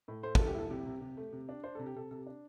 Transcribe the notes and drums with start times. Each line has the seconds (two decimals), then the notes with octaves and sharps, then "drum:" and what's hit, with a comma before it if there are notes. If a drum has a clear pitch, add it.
0.08 A2
0.23 A3 C5
0.35 A3 A4, drum: kick
0.46 G4
0.55 E4 A4
0.70 C3 G4
0.86 C3
1.01 C3
1.17 A3
1.33 C3
1.49 D4
1.64 D4 C5
1.75 C3 A4
1.86 G4
1.95 C3 A4
2.11 C3 A4
2.19 G4
2.26 D4